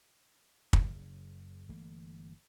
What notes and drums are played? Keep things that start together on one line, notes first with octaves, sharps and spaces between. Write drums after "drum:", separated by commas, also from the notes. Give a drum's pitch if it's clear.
F#1 C#3, drum: kick
G1 E3 A3 A#3